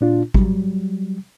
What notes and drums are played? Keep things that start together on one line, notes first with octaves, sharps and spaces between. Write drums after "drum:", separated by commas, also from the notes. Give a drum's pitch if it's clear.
A#2 D4 F4
F#3 G3, drum: kick G#1